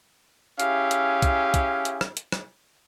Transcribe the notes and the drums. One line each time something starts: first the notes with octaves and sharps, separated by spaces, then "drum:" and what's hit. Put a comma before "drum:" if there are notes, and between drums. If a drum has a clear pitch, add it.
C#4 E4 G4 G#4 E5 F5, drum: hi-hat
drum: hi-hat
drum: kick, hi-hat
drum: kick, hi-hat
drum: hi-hat
drum: rim click
drum: hi-hat
drum: rim click